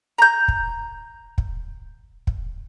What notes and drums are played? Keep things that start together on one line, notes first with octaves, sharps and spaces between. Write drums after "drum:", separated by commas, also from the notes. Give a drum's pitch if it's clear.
A#5 G6
drum: kick
drum: kick
drum: kick